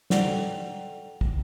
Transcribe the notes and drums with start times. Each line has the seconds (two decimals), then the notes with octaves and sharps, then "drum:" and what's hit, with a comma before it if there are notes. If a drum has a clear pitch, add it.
0.10 A4 D5 F#5 G5 A#5 F7, drum: snare
1.21 drum: kick